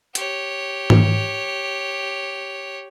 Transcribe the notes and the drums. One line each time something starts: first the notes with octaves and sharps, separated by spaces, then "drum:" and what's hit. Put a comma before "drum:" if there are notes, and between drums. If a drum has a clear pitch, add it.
G4 C#5, drum: hi-hat
drum: tom G#2